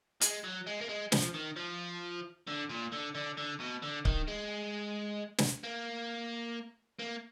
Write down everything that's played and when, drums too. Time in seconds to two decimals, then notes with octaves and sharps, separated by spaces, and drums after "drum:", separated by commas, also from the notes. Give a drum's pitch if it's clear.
0.21 G#3, drum: hi-hat
0.44 F#3
0.67 G#3
0.81 A#3
0.89 G#3
1.12 F3, drum: snare
1.34 D#3
1.56 F3
2.47 D3
2.69 A#2
2.92 D3
3.15 D3
3.37 D3
3.60 B2
3.82 D3
4.05 D#3, drum: kick C#1
4.28 G#3
5.38 drum: snare
5.63 A#3
6.99 A#3